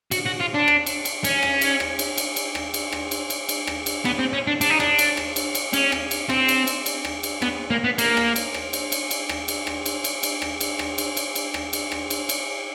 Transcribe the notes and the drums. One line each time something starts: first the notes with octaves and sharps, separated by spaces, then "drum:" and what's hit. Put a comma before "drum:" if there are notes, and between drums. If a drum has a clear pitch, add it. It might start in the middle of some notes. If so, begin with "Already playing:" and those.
F#4, drum: cymbal
F#4
F4
D4
drum: rim click
drum: cymbal
drum: cymbal
C#4, drum: cymbal
drum: rim click
drum: cymbal
drum: rim click
drum: cymbal
drum: cymbal
drum: cymbal
drum: rim click
drum: cymbal
drum: rim click
drum: cymbal
drum: cymbal
drum: cymbal
drum: rim click
drum: cymbal
B3, drum: rim click
C4
C#4
D4
D4, drum: cymbal
D#4
D4, drum: rim click
drum: cymbal
drum: rim click
drum: cymbal
drum: cymbal
C#4, drum: cymbal
drum: rim click
drum: cymbal
C4, drum: rim click
drum: cymbal
drum: cymbal
drum: cymbal
drum: rim click
drum: cymbal
B3, drum: rim click
A#3
B3
A#3, drum: cymbal
drum: rim click
drum: cymbal
drum: rim click
drum: cymbal
drum: cymbal
drum: cymbal
drum: rim click
drum: cymbal
drum: rim click
drum: cymbal
drum: cymbal
drum: cymbal
drum: rim click
drum: cymbal
drum: rim click
drum: cymbal
drum: cymbal
drum: cymbal
drum: rim click
drum: cymbal
drum: rim click
drum: cymbal
drum: cymbal